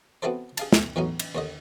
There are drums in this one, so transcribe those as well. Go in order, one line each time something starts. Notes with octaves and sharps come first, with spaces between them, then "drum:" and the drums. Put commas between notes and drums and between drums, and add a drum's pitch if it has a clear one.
B3 C4 E4 F#4 A4 C5
G#4 F5 A5, drum: cymbal
B1, drum: snare
E2 A2 F#3 C#4 D#4
drum: cymbal
D#2 D3 D#5